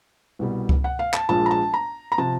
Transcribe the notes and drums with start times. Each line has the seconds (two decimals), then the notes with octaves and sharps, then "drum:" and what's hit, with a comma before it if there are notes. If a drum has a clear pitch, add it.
0.39 C2 B2 G3
0.69 drum: kick C#2
0.84 F#5
0.99 F5
1.14 A5, drum: clap
1.29 A#1 A#2 F3 G#3 A5
1.46 A#5
1.51 A5
1.74 A#5
2.12 A#5
2.18 C3 F3 A5